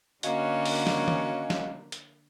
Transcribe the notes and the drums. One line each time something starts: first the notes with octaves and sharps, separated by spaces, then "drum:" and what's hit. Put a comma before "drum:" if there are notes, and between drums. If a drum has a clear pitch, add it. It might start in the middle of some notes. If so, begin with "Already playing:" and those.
D3 A#3 C#4 F#4 D#5 F5, drum: hi-hat
drum: open hi-hat
drum: snare
drum: tom D#3
drum: snare
drum: hi-hat